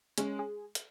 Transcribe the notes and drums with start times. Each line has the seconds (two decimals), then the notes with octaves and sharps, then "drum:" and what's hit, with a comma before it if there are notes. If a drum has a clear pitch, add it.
0.18 G#3 C#4, drum: hi-hat
0.39 G#4
0.75 drum: hi-hat